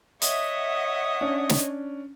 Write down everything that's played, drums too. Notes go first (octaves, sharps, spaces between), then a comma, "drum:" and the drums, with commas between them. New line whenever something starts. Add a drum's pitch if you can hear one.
C#5 D#5 E5 F#5 D#6, drum: hi-hat
C#4 D4
drum: snare